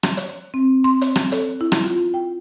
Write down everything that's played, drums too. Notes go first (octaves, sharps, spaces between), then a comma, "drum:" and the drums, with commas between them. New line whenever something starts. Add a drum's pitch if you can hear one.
drum: rim click
drum: hi-hat
C4
C6
drum: hi-hat
drum: rim click
A4, drum: hi-hat
E4
drum: rim click
F4
G5